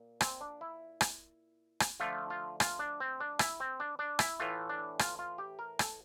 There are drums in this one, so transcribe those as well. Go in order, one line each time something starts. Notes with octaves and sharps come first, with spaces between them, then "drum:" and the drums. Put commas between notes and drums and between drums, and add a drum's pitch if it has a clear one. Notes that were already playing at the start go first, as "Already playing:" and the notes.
Already playing: A#2
C4, drum: rim click
D4
E4
drum: rim click
drum: rim click
D3 F3 A3 F4
F4
F4, drum: rim click
D4
C4
D4
E4, drum: rim click
C4
D4
D4
E4, drum: rim click
A2 E3 A3 F4
D4
F4, drum: rim click
F4
G4
A#4
A4, drum: rim click